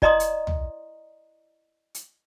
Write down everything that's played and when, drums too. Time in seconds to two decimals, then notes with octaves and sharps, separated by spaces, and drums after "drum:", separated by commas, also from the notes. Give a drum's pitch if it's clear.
0.02 E4 D5 D#5 A#5 C6 D#6, drum: kick
0.20 drum: hi-hat
0.47 drum: tom
1.95 drum: hi-hat